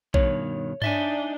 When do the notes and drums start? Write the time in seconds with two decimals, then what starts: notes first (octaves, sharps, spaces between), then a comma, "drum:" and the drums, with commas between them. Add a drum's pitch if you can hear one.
0.14 G2 B2 D#3 C#5, drum: kick A#1
0.82 D4 D#4 D5 E5 G#5 G7, drum: tom G2